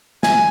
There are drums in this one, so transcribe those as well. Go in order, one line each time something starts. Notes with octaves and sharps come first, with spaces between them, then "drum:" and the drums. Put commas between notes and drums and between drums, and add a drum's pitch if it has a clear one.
G#5, drum: snare